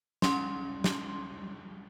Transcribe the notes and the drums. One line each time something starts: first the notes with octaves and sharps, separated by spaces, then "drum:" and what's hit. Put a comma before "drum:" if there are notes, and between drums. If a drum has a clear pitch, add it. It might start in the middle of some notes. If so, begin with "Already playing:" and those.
C#4 C6, drum: snare
drum: snare